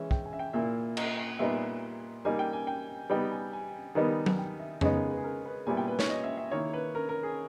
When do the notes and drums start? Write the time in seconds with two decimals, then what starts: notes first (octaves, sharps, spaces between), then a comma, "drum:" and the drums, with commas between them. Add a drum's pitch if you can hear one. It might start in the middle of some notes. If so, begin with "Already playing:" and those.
Already playing: E3 G#3 C#4 E5
0.11 G5, drum: kick
0.26 G#5
0.33 E5
0.39 G5
0.53 A#2 A#3 E4 E5
0.97 D#5, drum: cymbal
1.39 A#2 G3 B3 D#4 E5
2.25 G3 A#3 D#4 G#5
2.39 G5
2.53 G#5
2.67 G5
3.10 G3 B3 D#4 G5
3.31 G#5
3.53 G#5
3.95 D#3 G3 B3 D#4
4.26 G#5, drum: tom F#3
4.38 G5
4.59 E5
4.81 C#3 G#3 B3 D#4 C#5, drum: tom F2
4.95 A#4
5.09 B4
5.17 G#4
5.24 A#4
5.46 B4
5.67 A#2 G3 B3 E4 G#5
5.77 G5
5.88 B4
5.99 C#5, drum: snare
6.09 D#5
6.24 E5
6.37 E5
6.51 D#3 A#3 E4 C#5
6.74 B4
6.95 A#4
7.09 A#4
7.23 G#4